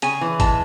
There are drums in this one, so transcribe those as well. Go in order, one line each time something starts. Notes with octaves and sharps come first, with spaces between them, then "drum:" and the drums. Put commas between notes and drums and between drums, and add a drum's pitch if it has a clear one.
C#3 G#5, drum: hi-hat
E3
G#3 A5, drum: kick, hi-hat